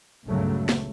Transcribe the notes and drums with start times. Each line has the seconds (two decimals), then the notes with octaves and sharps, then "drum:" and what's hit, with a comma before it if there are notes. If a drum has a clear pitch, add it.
0.25 G1 C#2 A#2 C#3 F#3 A3
0.69 drum: snare